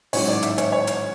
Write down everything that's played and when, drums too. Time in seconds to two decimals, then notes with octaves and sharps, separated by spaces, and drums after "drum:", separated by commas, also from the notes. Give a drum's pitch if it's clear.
0.13 A1 G#2 D#3 F#3 C#5, drum: open hi-hat
0.28 D5
0.42 E5, drum: hi-hat
0.58 C#5, drum: hi-hat
0.72 C#5
0.87 drum: hi-hat